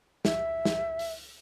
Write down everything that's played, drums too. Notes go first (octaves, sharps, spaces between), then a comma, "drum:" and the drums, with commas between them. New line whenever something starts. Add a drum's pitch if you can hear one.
E5, drum: snare
drum: snare
drum: open hi-hat